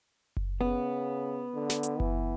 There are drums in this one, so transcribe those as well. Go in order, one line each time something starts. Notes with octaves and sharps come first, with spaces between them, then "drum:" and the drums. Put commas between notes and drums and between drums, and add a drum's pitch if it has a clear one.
drum: kick F#1
C#3 B3
D3
drum: snare
drum: hi-hat
E3, drum: kick F#1